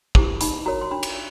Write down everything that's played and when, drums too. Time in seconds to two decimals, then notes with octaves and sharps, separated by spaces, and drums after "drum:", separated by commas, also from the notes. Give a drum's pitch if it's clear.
0.15 E4 G4 C5 D6, drum: kick
0.41 D#4 B5, drum: hi-hat
0.66 F#4 A#4 C#5 A#5
0.81 C6
0.91 D4 B5
1.03 drum: cymbal